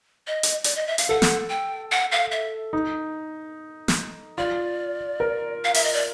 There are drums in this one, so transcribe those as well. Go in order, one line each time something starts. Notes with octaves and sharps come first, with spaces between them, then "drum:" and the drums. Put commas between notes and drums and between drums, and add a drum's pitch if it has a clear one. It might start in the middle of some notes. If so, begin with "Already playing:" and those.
D#5
drum: hi-hat
D5, drum: hi-hat
D#5
E5
F5, drum: hi-hat
A4 F#5
drum: snare
G5
F#5
F5
E5
D#4
drum: snare
F4 D5
A#4
F5
E5, drum: open hi-hat
D#5
D5